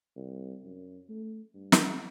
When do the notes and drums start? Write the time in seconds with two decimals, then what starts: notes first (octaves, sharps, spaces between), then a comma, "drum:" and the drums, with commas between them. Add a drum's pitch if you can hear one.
0.16 C2
0.64 F#2
1.09 A3
1.54 G2
1.72 drum: snare